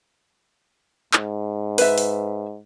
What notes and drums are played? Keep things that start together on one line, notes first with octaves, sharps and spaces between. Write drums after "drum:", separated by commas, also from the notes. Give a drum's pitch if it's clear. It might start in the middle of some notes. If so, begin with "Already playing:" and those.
G#2, drum: clap
B4 E5, drum: open hi-hat
drum: open hi-hat